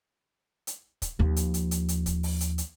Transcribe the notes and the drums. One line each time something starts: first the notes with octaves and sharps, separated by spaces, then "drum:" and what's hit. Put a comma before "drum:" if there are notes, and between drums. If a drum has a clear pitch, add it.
drum: hi-hat
drum: kick, hi-hat
D#2 F3
drum: hi-hat
drum: hi-hat
drum: hi-hat
drum: hi-hat
drum: kick, hi-hat
drum: open hi-hat
drum: hi-hat
drum: hi-hat